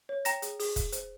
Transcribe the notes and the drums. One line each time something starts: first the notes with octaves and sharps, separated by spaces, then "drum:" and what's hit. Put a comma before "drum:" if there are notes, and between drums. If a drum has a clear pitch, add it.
C#5
G5 A#5 A#6, drum: hi-hat
G#4, drum: hi-hat
G#4, drum: open hi-hat
F5, drum: kick F1, hi-hat
C5, drum: hi-hat